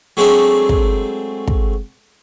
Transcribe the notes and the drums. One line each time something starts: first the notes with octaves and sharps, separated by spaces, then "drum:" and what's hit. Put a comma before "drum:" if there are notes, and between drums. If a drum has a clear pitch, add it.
F#3 G#3 A3 C4 D4
drum: kick
drum: kick